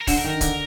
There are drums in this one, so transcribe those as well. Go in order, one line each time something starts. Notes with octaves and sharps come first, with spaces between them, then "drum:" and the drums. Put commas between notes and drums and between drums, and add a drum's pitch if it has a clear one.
A#4
D3 C5, drum: kick, open hi-hat
A#4
D#3
A#4
D3, drum: kick, hi-hat